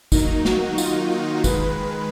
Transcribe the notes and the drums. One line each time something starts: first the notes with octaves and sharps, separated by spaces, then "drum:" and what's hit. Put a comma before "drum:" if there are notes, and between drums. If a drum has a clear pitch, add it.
D#3 F#3 A#3 D#4, drum: kick, tambourine
F#4, drum: snare
F4, drum: tambourine
F4
D#3 G#3 B4, drum: kick, tambourine